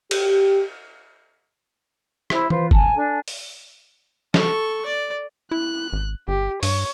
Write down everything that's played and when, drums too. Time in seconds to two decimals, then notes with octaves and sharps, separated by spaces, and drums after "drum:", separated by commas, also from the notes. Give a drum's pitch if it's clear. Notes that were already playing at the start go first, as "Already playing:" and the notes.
0.11 G4, drum: cymbal
2.30 E4 C5 E5, drum: rim click
2.50 F4 B4 C5, drum: tom E3
2.71 G#5 A5, drum: kick G1
2.95 D4 A4 G#5
3.28 drum: open hi-hat
4.34 A4 C#6, drum: snare
4.85 D5
5.51 E4 F#6
5.93 G#1
6.28 G1 G4
6.63 G2 C#5, drum: open hi-hat